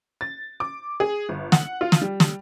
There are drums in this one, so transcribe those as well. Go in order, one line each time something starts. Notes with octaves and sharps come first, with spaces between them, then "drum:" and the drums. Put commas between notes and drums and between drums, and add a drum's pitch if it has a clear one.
A6
D6
G#4
G1
F#5, drum: snare
F4
drum: snare
G3
drum: snare